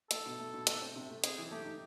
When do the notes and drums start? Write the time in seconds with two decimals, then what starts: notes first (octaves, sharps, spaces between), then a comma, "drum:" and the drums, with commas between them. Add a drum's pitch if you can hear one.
0.11 A3 A4, drum: hi-hat
0.26 B2
0.39 A3
0.54 B2
0.67 A3, drum: hi-hat
0.82 C4
0.96 C3
1.10 A3
1.24 C4 G#4, drum: hi-hat
1.38 E3
1.51 A3 G4
1.65 D#4